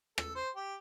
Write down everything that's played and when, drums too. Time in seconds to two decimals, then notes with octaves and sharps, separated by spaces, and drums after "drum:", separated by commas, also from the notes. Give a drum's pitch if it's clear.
0.18 A4, drum: rim click
0.35 C5
0.56 G4